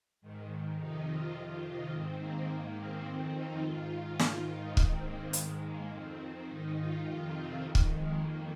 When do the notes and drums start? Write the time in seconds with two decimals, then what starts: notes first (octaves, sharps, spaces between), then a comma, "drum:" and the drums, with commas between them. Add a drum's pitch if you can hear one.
0.21 G#2 D#3
0.77 F2 C3 D#3 D#4
1.07 F4
1.34 F2 C3 D#3
1.64 D#4
1.91 G#2 D#3 C4
2.20 A#3
2.49 G#2 D#3
2.77 C4
3.05 F2 D#3
3.34 D#4
3.62 G#2 D#3 F4
4.19 G#2 D#3 F4, drum: snare
4.48 D#4
4.77 G#2 D#3 C4, drum: kick
5.05 A#3
5.33 G#2 D#3 G#3, drum: hi-hat
5.62 A#3
5.91 F2 D#3 C4
6.47 G#2 D#3 D#4
6.77 F4
7.04 F2 C3 D#3 F4
7.33 C4
7.62 F2 D#3
7.75 drum: kick
7.90 G#3
8.18 F2 D#3 A#3